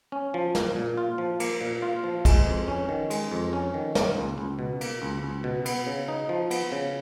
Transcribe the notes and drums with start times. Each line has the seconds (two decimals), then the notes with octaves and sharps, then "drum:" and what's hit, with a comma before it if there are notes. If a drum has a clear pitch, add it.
0.12 C#4
0.34 F3
0.55 A#3, drum: snare
0.76 A#2
0.97 F4
1.18 F3
1.40 A#3, drum: cymbal
1.61 A#2
1.82 F4
2.04 F3
2.25 G#3, drum: kick, cymbal
2.46 F2
2.68 C#4
2.89 D#3
3.10 G#3, drum: cymbal
3.32 F2
3.53 C#4
3.74 D#3
3.95 A#3, drum: snare
4.17 C#2
4.38 C#2
4.59 B2
4.81 A#3, drum: cymbal
5.02 C#2
5.23 C#2
5.44 B2
5.65 B3, drum: cymbal
5.87 C#3
6.08 D#4
6.29 F3
6.51 B3, drum: cymbal
6.72 C#3